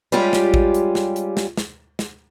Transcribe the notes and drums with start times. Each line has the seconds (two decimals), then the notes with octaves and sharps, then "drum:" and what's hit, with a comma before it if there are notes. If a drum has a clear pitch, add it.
0.12 G3 G#3 C#4 F4 G4
0.33 drum: snare
0.54 drum: kick A1
0.74 drum: hi-hat
0.95 drum: snare
1.16 drum: hi-hat
1.37 drum: snare
1.57 drum: snare
1.99 drum: snare